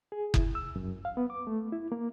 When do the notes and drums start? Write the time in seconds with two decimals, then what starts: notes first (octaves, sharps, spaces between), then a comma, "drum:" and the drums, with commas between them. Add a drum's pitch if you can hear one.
0.12 G#4
0.34 E4, drum: kick F#1
0.55 E6
0.76 F#2
1.05 F5
1.17 B3
1.30 D6
1.47 A3
1.72 E4
1.92 A#3